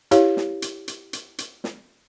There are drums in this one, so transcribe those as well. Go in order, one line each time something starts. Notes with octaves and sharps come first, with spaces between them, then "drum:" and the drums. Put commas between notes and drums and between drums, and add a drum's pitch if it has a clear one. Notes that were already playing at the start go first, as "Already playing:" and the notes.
E4 G4 C#5 F5, drum: hi-hat
drum: snare
drum: hi-hat
drum: hi-hat
drum: hi-hat
drum: hi-hat
drum: snare